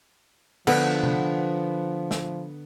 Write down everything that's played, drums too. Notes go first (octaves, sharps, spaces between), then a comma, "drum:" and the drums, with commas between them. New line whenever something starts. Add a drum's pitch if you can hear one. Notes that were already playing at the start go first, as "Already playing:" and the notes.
D3 F3 B3, drum: cymbal
drum: tom C3
drum: snare